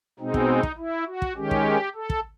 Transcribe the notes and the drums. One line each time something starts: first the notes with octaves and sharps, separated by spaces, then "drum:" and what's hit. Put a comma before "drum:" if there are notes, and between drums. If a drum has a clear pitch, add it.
B2 G#3 C4 D#4
drum: kick
drum: kick
E4
F#4
drum: kick
D#3 G#3 C#4 G4
drum: kick
A4
drum: kick